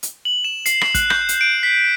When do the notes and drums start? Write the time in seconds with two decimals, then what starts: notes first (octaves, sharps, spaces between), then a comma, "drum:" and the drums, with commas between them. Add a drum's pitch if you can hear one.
0.03 drum: hi-hat
0.25 F#7
0.44 E7
0.66 C7, drum: hi-hat
0.81 drum: rim click
0.95 F#6, drum: kick, hi-hat
1.10 G6, drum: rim click
1.29 drum: hi-hat
1.41 D7
1.63 B6